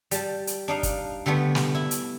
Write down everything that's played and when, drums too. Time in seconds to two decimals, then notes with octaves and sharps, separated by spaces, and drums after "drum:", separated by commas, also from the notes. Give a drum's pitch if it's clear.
0.11 G3 A5, drum: hi-hat
0.47 drum: hi-hat
0.68 D4 D#4 F5
0.83 drum: kick, hi-hat
1.26 D3 G3 A3 B3
1.55 drum: snare
1.75 E4
1.91 drum: hi-hat